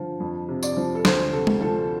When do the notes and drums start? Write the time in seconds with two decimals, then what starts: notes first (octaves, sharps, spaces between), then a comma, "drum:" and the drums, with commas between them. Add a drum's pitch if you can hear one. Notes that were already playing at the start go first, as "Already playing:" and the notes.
Already playing: D3 F3
0.20 F2
0.48 C3
0.63 D5, drum: tambourine
0.77 F3
0.95 A4
1.05 D2 C5, drum: snare
1.33 C3 A4
1.47 drum: tom G#3
1.61 F3 A4